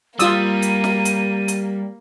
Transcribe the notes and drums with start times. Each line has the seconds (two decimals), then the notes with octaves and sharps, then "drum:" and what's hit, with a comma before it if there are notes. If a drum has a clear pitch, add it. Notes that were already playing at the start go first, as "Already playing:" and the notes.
0.19 G3 A#3 F4 D#6 E6 D#7, drum: hi-hat
0.62 drum: hi-hat
0.84 drum: snare
1.05 drum: hi-hat
1.48 drum: hi-hat